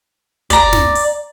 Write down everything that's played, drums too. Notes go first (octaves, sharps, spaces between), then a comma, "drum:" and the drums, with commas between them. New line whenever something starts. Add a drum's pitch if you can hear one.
D5 A#5, drum: kick, hi-hat
drum: snare
drum: open hi-hat